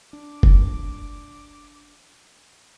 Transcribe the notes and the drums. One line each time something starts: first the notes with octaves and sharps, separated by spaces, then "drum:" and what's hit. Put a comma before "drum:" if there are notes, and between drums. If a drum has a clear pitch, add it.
D4 D6
drum: kick F1